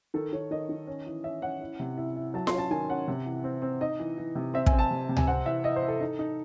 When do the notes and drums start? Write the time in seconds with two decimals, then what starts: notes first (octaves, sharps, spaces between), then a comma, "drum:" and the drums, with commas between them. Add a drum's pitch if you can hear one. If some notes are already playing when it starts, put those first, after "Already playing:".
0.14 D#3 A4
0.33 D#3 C#5
0.51 D#3 D#5
0.69 D#3
0.87 C#4
1.06 E3
1.24 C#4 E5
1.42 C#4 F#5
1.61 E4
1.80 C3
1.97 E4
2.16 E4
2.34 F#3 A5
2.47 C6, drum: snare F4
2.53 C#4
2.58 A5
2.71 D#3 G#5
2.89 C#4 F#5
3.08 C3
3.26 E3
3.44 C4
3.62 C4
3.81 D#4 D#5
3.99 E3
4.18 E3
4.35 C3
4.54 C4 E5
4.66 G#5, drum: kick
4.73 C4
4.79 A5
4.91 C3
5.09 C3
5.17 G#5, drum: tom C#2
5.27 C4 F#5
5.45 E3 E5
5.64 E4 D#5
5.76 C5
5.83 E4
5.88 A4
6.01 D#4
6.19 D#4